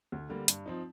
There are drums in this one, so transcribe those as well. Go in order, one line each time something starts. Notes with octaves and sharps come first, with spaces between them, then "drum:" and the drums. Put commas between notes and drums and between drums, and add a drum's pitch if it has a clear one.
D2
D3 G3 A#3
G2, drum: hi-hat
F3 C4 D#4